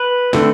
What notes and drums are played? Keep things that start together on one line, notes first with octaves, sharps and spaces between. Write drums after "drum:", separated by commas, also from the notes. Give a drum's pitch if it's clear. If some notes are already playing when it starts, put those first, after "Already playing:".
Already playing: B4
D3 A3 C4, drum: snare